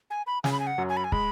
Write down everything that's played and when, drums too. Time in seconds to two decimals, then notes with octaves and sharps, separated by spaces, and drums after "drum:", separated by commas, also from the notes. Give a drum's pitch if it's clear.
0.10 G#5
0.27 B5
0.44 C#3 G#5, drum: snare
0.52 B5
0.60 G#5
0.67 F#5
0.78 F#2 F#3
0.89 G#5
0.97 B5
1.04 G#5
1.12 G#3 B5, drum: kick